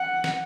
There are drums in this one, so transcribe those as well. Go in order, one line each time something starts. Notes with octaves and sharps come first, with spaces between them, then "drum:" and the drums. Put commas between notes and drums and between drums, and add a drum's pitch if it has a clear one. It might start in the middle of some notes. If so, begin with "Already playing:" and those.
Already playing: F#5
drum: snare